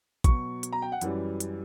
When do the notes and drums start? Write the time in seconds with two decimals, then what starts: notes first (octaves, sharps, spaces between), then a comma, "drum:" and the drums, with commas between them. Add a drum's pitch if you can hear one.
0.24 B2 F#3 C#6, drum: kick, hi-hat
0.63 drum: hi-hat
0.73 A#5
0.82 G5
0.92 F#5
1.01 F#2 E3 G3, drum: hi-hat
1.40 drum: hi-hat